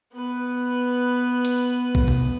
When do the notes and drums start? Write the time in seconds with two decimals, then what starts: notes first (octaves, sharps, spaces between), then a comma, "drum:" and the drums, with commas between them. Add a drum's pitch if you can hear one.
0.14 B3 B4
1.45 drum: hi-hat
1.95 drum: kick B1
2.08 drum: tom B2